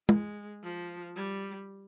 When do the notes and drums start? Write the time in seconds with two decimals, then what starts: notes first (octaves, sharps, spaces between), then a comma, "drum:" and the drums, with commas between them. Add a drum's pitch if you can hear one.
0.09 G#3, drum: tom
0.63 F3
1.16 G3